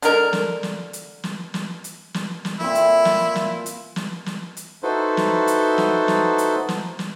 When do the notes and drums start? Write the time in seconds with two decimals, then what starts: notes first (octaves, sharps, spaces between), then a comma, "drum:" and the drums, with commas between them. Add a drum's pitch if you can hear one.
0.02 D3 G#3 A#4, drum: hi-hat
0.33 drum: snare
0.63 drum: snare
0.93 drum: hi-hat
1.24 drum: snare
1.54 drum: snare
1.84 drum: hi-hat
2.14 drum: snare
2.45 drum: snare
2.60 A#2 E3 C4 E4
2.75 drum: hi-hat
3.05 drum: snare
3.35 drum: snare
3.66 drum: hi-hat
3.96 drum: snare
4.26 drum: snare
4.57 drum: hi-hat
4.83 D#4 E4 F#4 A4 B4 C5
5.17 drum: snare
5.47 drum: hi-hat
5.78 drum: snare
6.08 drum: snare
6.38 drum: hi-hat
6.69 drum: snare
6.99 drum: snare